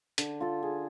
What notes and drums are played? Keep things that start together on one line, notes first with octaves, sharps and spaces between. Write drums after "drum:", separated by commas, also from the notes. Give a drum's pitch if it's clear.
D3, drum: hi-hat
F4 A4
G#4